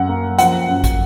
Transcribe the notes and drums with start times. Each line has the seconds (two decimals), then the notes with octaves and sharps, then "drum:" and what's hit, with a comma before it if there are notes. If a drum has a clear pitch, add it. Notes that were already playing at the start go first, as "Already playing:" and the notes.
Already playing: F#2 F#5
0.09 A#3
0.38 F3 F#5, drum: hi-hat
0.69 F#2
0.84 drum: kick, hi-hat